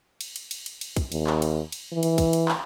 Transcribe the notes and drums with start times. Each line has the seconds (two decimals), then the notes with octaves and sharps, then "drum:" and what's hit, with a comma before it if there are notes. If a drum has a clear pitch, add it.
0.21 drum: cymbal
0.36 drum: cymbal
0.51 drum: cymbal
0.66 drum: cymbal
0.81 drum: cymbal
0.97 drum: kick, cymbal
1.12 D#2, drum: cymbal
1.27 drum: clap
1.42 drum: cymbal
1.72 drum: cymbal
1.92 E3
2.03 drum: cymbal
2.18 drum: kick, cymbal
2.33 drum: cymbal
2.48 drum: clap